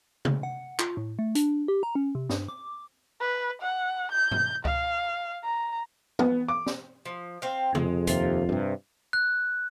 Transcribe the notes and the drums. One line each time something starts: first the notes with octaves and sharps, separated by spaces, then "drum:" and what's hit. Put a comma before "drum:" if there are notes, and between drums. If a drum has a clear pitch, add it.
C#3, drum: tom C3
F#5
F4, drum: clap
A2
A3
D4, drum: hi-hat
G4
A#5
C#4
C3
G2, drum: snare
D6
B4
F#5
G6
drum: tom G2
F5, drum: kick C#2
A#5
B3, drum: tom
D6
drum: snare
F3
C4 F5
F2 G#3, drum: tom C3
D#2 C3 F4, drum: hi-hat
G2 C3
F#6